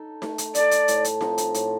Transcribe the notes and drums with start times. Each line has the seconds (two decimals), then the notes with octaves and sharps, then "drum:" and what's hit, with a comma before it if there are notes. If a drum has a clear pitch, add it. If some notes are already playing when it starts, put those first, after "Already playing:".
Already playing: D#4 A4
0.22 A3, drum: snare D#4
0.38 drum: hi-hat
0.55 D#4 A4 D5, drum: hi-hat
0.71 drum: hi-hat
0.88 A2, drum: hi-hat
1.04 drum: hi-hat
1.21 F3 C4 D#4, drum: snare D#4
1.38 drum: hi-hat
1.54 A2, drum: hi-hat